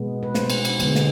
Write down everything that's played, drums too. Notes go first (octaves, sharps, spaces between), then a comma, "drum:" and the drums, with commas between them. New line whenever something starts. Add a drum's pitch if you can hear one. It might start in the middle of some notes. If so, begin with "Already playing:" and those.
Already playing: B2 G#3 B3
B4
B2 B3 C5, drum: snare
drum: cymbal
drum: cymbal
D3 G#3 B3, drum: cymbal
drum: snare